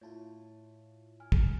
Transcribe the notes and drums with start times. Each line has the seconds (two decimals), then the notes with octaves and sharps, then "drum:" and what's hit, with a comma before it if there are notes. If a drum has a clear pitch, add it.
0.01 A2 E4 F4 C#5 A5
1.20 G#5 F6
1.32 drum: kick